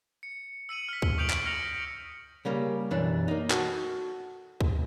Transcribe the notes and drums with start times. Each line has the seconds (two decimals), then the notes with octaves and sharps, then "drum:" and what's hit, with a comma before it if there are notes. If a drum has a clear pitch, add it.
0.23 C#7
0.69 E6 C#7 D#7 F#7
0.89 F6 B6
1.02 drum: kick C#2
1.18 C#6 D#6 G6 D7 F7 F#7
1.30 drum: clap
1.46 F6 A#6 C#7 F7 F#7
2.45 C#3 G3 A#3
2.91 B1 F#2 E3 D4
3.28 A#3 D#4
3.50 F#4 A4, drum: clap
4.61 drum: kick C#2